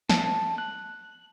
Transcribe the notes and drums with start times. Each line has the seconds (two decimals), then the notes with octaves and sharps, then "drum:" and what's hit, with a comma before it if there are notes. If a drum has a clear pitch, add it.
0.09 A5, drum: snare
0.58 F#6